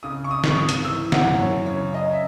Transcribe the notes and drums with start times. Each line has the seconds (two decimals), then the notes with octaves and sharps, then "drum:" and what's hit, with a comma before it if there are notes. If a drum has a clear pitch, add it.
0.03 C#3 D#6
0.24 C#6
0.31 D#6
0.44 G#1 C#6, drum: snare
0.58 D#6
0.69 drum: hi-hat
0.85 E3 E6
1.12 F#5, drum: snare
1.26 F#2
1.39 C#5
1.66 C#3 C#5
1.94 D#5
2.12 E5